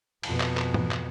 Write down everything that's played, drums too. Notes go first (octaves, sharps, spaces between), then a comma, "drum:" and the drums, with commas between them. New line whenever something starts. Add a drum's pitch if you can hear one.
F2 B2, drum: cymbal
drum: clap
drum: clap
drum: tom
drum: clap